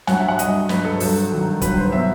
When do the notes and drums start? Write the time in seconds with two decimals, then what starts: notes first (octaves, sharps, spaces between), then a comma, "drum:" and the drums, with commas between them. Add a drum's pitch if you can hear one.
0.07 G2 F#3 F#5, drum: snare
0.18 E5
0.28 F#5
0.39 G2 F#3 D#5, drum: hi-hat
0.69 G2 F#3 B4, drum: snare
0.85 A4
1.00 G2 F#3 A4, drum: open hi-hat
1.32 G2 D#3 F#3
1.62 G2 D#3 F#3 B4, drum: kick, hi-hat
1.77 C5
1.92 B2 F#3 E5